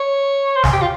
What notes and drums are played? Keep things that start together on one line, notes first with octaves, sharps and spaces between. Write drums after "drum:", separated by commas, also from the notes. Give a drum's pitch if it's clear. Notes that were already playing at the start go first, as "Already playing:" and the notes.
Already playing: C#5
C5
G#4, drum: snare
G4
F4